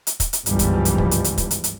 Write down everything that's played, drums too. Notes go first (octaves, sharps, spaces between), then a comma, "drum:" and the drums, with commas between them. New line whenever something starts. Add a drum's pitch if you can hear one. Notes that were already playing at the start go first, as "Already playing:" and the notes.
drum: hi-hat
drum: kick, hi-hat
drum: hi-hat
G1 C#2 G#2 E3 F3 G3, drum: hi-hat
drum: kick, hi-hat
drum: hi-hat
drum: kick
drum: hi-hat
drum: hi-hat
drum: kick, hi-hat
drum: hi-hat
drum: hi-hat